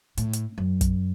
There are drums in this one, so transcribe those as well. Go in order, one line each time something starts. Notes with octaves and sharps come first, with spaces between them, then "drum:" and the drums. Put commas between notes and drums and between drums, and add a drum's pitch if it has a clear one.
A2, drum: hi-hat
drum: hi-hat
F#2
drum: kick, hi-hat